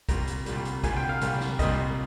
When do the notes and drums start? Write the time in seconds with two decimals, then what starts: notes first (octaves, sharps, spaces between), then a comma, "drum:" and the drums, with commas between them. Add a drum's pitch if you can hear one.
0.09 C2 A#2 G3 A#5, drum: kick, hi-hat
0.27 drum: hi-hat
0.46 C2 A#2 G3, drum: hi-hat
0.65 drum: hi-hat
0.84 C2 A#2 G3 G#5, drum: kick, hi-hat
0.96 G5
1.09 F5
1.21 C2 A#2 G3, drum: hi-hat
1.40 drum: snare
1.59 C2 A#2 G3 D#5, drum: kick, hi-hat